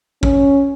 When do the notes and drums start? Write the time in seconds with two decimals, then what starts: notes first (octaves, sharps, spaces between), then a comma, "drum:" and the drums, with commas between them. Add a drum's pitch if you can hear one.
0.23 C#4, drum: kick